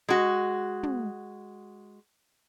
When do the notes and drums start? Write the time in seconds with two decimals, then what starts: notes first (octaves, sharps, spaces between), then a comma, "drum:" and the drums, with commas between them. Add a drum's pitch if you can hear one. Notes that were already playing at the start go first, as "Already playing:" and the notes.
0.09 G#3 F#4
0.83 drum: tom